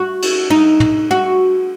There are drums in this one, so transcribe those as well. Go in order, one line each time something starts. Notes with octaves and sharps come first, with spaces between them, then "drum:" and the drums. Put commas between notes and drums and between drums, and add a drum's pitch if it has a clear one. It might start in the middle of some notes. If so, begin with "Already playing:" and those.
Already playing: F#4
drum: cymbal
D#4
drum: tom
F#4